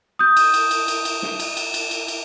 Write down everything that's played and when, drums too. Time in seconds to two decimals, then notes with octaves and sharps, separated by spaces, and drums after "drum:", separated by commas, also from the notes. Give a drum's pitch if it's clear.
0.19 D#6 G6
0.37 drum: cymbal
0.54 drum: cymbal
0.71 drum: cymbal
0.88 drum: cymbal
1.05 drum: cymbal
1.22 drum: snare
1.40 drum: cymbal
1.57 drum: cymbal
1.74 drum: cymbal
1.91 drum: cymbal
2.08 drum: cymbal